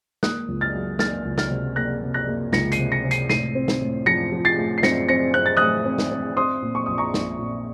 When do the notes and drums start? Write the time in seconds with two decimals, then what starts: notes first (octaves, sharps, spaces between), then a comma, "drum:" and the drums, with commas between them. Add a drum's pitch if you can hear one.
0.23 A#3 D#6 F#6, drum: snare
0.48 C#2
0.61 F6 A6
0.75 F#3
0.99 A#3 F6 A6, drum: snare
1.25 C#2
1.38 F6 A6, drum: snare
1.51 C3
1.76 A#3 F#6 A#6
2.02 C3
2.14 F#6 A#6
2.27 A#3
2.53 C#2 A#6 C#7, drum: snare
2.72 C7 D#7, drum: hi-hat
2.79 C3
2.92 A#6 C#7
3.04 C3
3.11 C7 D#7, drum: hi-hat
3.29 A2 C7 D#7, drum: snare
3.55 C4
3.68 drum: snare
3.81 A2
4.06 F3 A#6 C#7
4.32 F3
4.45 A6 C7
4.57 A2
4.78 C7
4.83 C4 A#6 C#7, drum: snare
5.09 C4 A#6 C#7
5.34 C4 F#6
5.46 A6
5.57 A2 D#6 F#6
5.85 C4
5.98 drum: snare
6.11 C4
6.37 C4 C6 D#6
6.62 A#2
6.75 C#6
6.86 A#1 D#6
6.98 A#5 C#6
7.14 A#1, drum: snare
7.39 A#2